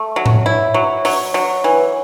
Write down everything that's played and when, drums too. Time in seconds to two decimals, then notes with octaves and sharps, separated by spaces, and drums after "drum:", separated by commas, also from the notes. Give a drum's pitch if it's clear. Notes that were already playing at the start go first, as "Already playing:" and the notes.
Already playing: A3
0.16 F#3
0.26 drum: tom A2
0.46 E4
0.74 F#3
1.05 F#3, drum: open hi-hat
1.34 F#3
1.64 E3